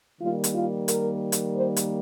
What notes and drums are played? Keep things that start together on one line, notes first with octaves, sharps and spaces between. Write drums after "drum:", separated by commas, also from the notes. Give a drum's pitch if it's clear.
D#3 G3 A#3 F4
drum: hi-hat
F4
A#4, drum: hi-hat
drum: hi-hat
C5
drum: hi-hat